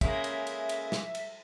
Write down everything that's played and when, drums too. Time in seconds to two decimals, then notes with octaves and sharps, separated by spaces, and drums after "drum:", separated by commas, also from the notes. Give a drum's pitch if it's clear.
0.01 C#3 G#3 A#3 E5, drum: kick, cymbal
0.24 drum: cymbal
0.47 drum: cymbal
0.69 drum: cymbal
0.92 drum: snare
1.15 drum: cymbal